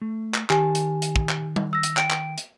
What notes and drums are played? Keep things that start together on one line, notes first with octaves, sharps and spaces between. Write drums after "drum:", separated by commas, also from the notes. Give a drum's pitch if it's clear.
A3
drum: clap
D#3 G4 G#5 A5, drum: clap
drum: hi-hat
drum: hi-hat
drum: kick
drum: clap
drum: tom G3
E6 A#6
drum: hi-hat
G5 D7, drum: clap
drum: clap
drum: hi-hat